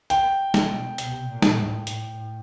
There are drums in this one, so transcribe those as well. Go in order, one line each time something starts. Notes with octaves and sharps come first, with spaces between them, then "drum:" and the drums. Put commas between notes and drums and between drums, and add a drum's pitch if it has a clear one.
G5, drum: hi-hat
drum: snare
B2
C3, drum: hi-hat
A#2
drum: snare
A2
A2, drum: hi-hat